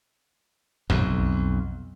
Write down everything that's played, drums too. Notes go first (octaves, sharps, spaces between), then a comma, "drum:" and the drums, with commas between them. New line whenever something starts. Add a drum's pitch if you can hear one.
B1 F2, drum: tom